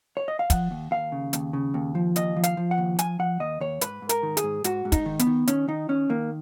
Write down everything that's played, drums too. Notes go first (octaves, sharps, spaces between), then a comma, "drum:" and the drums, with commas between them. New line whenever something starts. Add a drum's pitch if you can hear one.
C#5
D#5
F5
F3 F#5, drum: kick, hi-hat
D#2
D#2 F5
C#3
D#2, drum: hi-hat
C#3
D#2
F3
D#2 D#5, drum: hi-hat
F3
F5, drum: hi-hat
F3
F#5
D#2
F3 G#5, drum: hi-hat
F3 F#5
D#2 D#5
D#2 C#5
G#2 B4, drum: hi-hat
G#2
A#4, drum: hi-hat
D#3
G#4, drum: hi-hat
G#2
G#2 F#4, drum: hi-hat
G#2
D#4, drum: kick, hi-hat
D#3
B3, drum: hi-hat
D#3
D#3 C#4, drum: hi-hat
D#3 D#4
D#3 C#4
D#3 A#3